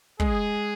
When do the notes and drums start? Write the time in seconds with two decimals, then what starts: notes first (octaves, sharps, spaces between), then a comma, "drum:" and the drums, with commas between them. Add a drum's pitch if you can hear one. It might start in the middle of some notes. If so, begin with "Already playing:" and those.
0.20 G#3 G#4, drum: kick